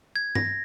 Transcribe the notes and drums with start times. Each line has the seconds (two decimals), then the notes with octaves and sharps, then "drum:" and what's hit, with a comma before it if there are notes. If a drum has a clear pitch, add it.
0.16 G#6
0.35 A#6, drum: tom G2